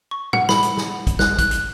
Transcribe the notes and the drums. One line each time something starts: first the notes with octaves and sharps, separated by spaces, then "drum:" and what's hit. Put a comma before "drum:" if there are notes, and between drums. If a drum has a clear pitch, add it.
C#6
F#5, drum: tom
B5, drum: snare
drum: hi-hat
drum: snare
drum: kick, hi-hat
F#6, drum: snare
F#6, drum: kick, hi-hat
drum: hi-hat